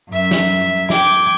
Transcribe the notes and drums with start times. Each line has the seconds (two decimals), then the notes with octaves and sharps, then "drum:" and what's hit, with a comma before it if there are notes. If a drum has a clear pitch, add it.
0.10 F#2 E5
0.31 drum: snare
0.90 G5 D6 G#6, drum: snare